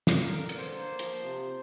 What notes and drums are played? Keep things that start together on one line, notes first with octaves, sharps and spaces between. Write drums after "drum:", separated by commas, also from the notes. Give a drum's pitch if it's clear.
drum: snare
D3 A#4
A#4
A#3, drum: cymbal
C5
A#3
F3, drum: hi-hat
C3